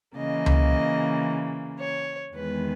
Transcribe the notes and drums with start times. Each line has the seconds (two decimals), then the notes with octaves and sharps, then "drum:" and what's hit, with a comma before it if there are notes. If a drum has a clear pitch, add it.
0.16 C#3 E3 A#3 D#5
0.46 drum: tom C#2
1.80 C#5
2.34 E2 D#3 G#3 B3 B4